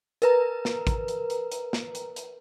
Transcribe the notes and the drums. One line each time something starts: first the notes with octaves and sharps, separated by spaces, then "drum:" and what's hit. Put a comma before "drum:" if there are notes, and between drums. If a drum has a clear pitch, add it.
A#4 B4 A#5, drum: hi-hat
drum: snare
drum: kick, hi-hat
drum: hi-hat
drum: hi-hat
drum: hi-hat
drum: snare
drum: hi-hat
drum: hi-hat